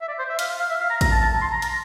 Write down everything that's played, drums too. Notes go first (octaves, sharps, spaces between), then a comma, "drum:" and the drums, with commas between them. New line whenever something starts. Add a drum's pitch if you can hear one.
E5
D5
C5
E5
F5, drum: hi-hat
F5
F5
E5
F5
A#5
A#5, drum: kick A1, hi-hat
A5
A5
A5
C6
A#5
A#5, drum: hi-hat